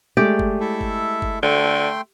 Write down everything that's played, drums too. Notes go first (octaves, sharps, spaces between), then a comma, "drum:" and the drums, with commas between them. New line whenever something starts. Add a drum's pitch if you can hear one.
G#3 A3 G4 D5
drum: kick G1
E4 A4 E5
drum: kick G1
drum: kick G1
D3 A3 G5 C6